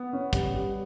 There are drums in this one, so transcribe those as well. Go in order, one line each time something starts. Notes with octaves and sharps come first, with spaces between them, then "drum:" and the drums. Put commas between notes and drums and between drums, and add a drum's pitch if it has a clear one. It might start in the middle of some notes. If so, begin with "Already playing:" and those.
Already playing: B3
C#4
G3, drum: kick, hi-hat
G3